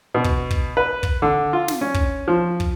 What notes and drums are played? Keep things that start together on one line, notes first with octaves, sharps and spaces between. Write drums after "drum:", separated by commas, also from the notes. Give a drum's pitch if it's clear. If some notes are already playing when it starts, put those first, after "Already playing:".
B2
drum: kick
drum: kick
B4
drum: kick
D3
F4
drum: snare
C#4
drum: kick
F3
drum: kick